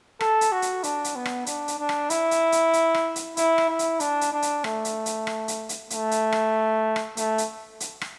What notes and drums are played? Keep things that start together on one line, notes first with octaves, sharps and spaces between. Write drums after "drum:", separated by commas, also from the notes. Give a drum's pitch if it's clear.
A4, drum: rim click
drum: hi-hat
F#4
drum: hi-hat
D4, drum: hi-hat
drum: hi-hat
B3
drum: rim click
D4, drum: hi-hat
drum: hi-hat
D4
drum: rim click
E4, drum: hi-hat
drum: hi-hat
drum: hi-hat
drum: hi-hat
drum: rim click
drum: hi-hat
E4, drum: hi-hat
drum: rim click
E4
drum: hi-hat
D4, drum: hi-hat
drum: hi-hat
D4
drum: hi-hat
A3, drum: rim click
drum: hi-hat
drum: hi-hat
drum: rim click
drum: hi-hat
drum: hi-hat
A3, drum: hi-hat
drum: hi-hat
drum: rim click
drum: rim click
A3, drum: hi-hat
drum: hi-hat
drum: hi-hat
drum: rim click